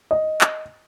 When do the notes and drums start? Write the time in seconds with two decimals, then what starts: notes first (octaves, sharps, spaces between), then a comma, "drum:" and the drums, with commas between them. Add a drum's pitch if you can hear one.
0.11 D#5
0.41 drum: clap